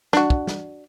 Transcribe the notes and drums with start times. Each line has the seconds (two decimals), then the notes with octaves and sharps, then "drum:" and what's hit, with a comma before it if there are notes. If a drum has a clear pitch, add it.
0.13 D4 F#4, drum: snare
0.30 drum: kick
0.47 drum: snare